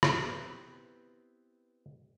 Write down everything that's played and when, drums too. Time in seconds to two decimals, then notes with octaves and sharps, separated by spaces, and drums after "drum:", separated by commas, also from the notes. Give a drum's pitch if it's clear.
0.03 drum: rim click
0.23 B3 C4 E4 G4 B4 C5